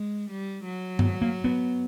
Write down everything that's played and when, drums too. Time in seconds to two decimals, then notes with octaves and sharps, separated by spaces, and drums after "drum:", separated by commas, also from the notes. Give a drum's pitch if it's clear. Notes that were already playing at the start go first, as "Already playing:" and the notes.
Already playing: G#3
0.31 G3
0.66 F#3
0.99 B3, drum: tom G2
1.22 A#3
1.44 B3